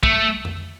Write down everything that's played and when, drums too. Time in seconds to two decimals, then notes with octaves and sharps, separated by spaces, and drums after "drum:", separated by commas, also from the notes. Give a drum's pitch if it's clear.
0.03 A3, drum: kick B1
0.45 drum: tom F2